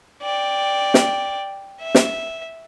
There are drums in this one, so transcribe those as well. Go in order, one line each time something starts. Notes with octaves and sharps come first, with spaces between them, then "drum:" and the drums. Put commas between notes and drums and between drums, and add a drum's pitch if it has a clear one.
D5 G5
drum: snare
E5
drum: snare